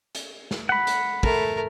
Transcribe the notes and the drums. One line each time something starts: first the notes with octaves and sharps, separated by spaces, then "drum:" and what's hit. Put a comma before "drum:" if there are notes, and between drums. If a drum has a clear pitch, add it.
drum: hi-hat
drum: snare
F#5 B5
drum: hi-hat
A3 A#4, drum: kick